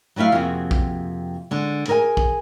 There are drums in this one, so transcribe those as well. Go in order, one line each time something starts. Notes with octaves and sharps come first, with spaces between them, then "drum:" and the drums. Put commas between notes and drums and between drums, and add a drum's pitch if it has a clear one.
F#3 G3 A3 E4 F5
F2 C3 A#3 F#4 G#4
drum: kick
D3 G#3
G#4 A#4 C5 F5 G#5
drum: kick